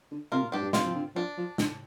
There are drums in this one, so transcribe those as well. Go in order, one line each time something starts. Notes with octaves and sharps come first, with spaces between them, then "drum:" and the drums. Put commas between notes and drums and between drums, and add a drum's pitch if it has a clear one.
D3
C3 F4 A#4
A#2
G2 D4 G4
G2
G2 C4 F4, drum: snare
F3
D3
F3 D4
F3
D3, drum: snare